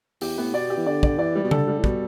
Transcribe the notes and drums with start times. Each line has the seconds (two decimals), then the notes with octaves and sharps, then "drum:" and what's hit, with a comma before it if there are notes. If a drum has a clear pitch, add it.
0.21 E2 G4, drum: open hi-hat
0.38 A2 B3
0.53 B2 D5
0.70 G4
0.77 E3
0.86 D3 D5
1.03 D5, drum: kick
1.19 E3 D5
1.35 G3
1.44 B2
1.51 D3 A4, drum: tom C#3
1.68 G3
1.78 A2
1.84 B2 G3, drum: kick